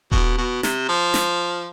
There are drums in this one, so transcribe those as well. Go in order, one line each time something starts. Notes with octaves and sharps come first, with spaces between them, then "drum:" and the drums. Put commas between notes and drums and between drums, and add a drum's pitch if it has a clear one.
B2, drum: kick D#1
B2
C3, drum: snare
F3
drum: snare